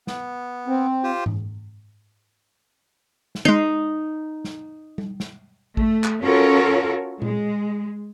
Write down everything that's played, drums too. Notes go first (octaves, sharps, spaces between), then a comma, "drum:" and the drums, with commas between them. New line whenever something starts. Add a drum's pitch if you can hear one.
B3, drum: snare
C4
F4 G4 C5
drum: tom G#2
drum: snare
G#3 D#4 C7
drum: snare
drum: tom G3
drum: snare
A3, drum: kick A1
drum: clap
C#4 F4 F#4 A4 A#4 C#5
G#3, drum: tom A#2